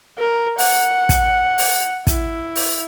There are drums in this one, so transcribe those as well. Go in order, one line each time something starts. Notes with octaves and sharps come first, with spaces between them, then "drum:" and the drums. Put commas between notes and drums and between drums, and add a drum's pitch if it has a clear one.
A#4
F#5, drum: open hi-hat
drum: kick, hi-hat
drum: open hi-hat
E4, drum: kick, hi-hat
drum: open hi-hat